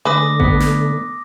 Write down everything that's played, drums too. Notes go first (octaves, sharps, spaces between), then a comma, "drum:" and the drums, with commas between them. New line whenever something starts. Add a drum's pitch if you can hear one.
D3 G#3 A3 B4 D6 D#6 A#6
B3, drum: kick A1
drum: snare